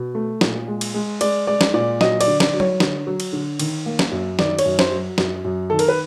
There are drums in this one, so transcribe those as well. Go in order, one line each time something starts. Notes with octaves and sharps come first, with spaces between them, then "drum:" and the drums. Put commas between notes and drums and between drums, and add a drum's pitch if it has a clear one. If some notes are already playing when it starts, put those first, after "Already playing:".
Already playing: B2
A3
A#2, drum: snare
G#3
drum: cymbal
G#3
G#3 D5, drum: cymbal
G#3 D5
drum: snare
A#2 D5
F#3 D#5, drum: snare
D5, drum: cymbal
D3
D5, drum: snare
F#3
C#5, drum: tom F#3
D3, drum: snare
F#3
drum: cymbal
D3
D#3, drum: cymbal
A#3
drum: snare
F#2
D#3 D5, drum: snare
C#5, drum: cymbal
F#2
C5, drum: snare
F#3
F#2, drum: snare
F#2
D#3 A4
A#4, drum: cymbal
B4